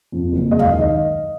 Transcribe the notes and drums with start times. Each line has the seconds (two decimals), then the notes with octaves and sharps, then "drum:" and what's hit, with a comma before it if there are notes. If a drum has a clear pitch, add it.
0.12 F2
0.32 F#1
0.51 G#3 D#5
0.59 F5, drum: tom D2
0.67 D#3 D#5